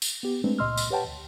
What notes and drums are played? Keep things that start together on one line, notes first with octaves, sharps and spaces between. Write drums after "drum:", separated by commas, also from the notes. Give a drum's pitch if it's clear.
drum: tambourine
B3 G4
G#3 A3 C4 D4 B4
C#2 A#2 D#5 C6 E6 F6
drum: tambourine
G4 B4 C#5 F#5 G5 A5
D2